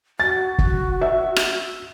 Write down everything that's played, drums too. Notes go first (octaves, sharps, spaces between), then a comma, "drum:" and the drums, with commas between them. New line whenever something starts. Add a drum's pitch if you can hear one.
F#4 A6
drum: kick
E5
drum: rim click